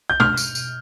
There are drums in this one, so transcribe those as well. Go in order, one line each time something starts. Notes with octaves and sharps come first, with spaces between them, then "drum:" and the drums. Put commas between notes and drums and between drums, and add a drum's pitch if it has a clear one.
G6
F6, drum: tom
drum: tambourine
drum: tambourine